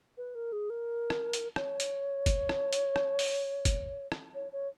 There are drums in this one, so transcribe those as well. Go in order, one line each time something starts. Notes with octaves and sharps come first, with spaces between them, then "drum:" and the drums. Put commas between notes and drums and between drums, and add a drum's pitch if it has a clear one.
B4
A#4
G#4
A#4
drum: rim click
drum: hi-hat
C#5, drum: rim click
drum: hi-hat
drum: kick, hi-hat
drum: rim click
drum: hi-hat
drum: rim click
drum: open hi-hat
drum: kick, hi-hat
drum: rim click
C#5
C#5